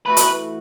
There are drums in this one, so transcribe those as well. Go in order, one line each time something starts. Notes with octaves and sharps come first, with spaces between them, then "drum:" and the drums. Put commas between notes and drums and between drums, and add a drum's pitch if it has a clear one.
E3 A3 F#4 B4
drum: hi-hat